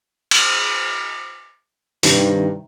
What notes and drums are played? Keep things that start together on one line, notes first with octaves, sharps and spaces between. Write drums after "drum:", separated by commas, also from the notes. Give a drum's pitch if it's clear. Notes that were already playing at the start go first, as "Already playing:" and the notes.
drum: cymbal
G2 C3 D#3, drum: open hi-hat